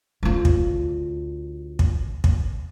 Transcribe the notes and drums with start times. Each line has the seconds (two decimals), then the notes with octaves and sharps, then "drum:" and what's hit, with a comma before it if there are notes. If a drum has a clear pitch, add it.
0.23 D2 F4
0.45 drum: kick
1.79 drum: kick
2.24 drum: kick